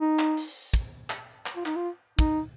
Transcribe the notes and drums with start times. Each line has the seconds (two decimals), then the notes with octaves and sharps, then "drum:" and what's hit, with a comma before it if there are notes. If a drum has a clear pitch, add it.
0.01 D#4
0.19 drum: clap
0.37 drum: open hi-hat
0.74 drum: kick, hi-hat
1.10 drum: clap
1.46 drum: clap
1.56 F4
1.66 D#4, drum: clap
1.76 F4
2.19 D#4, drum: kick, hi-hat